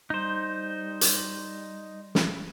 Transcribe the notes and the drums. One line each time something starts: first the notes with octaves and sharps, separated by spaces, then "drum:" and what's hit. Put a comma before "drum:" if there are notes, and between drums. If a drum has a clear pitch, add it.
G3 D#4 C5
drum: hi-hat
drum: snare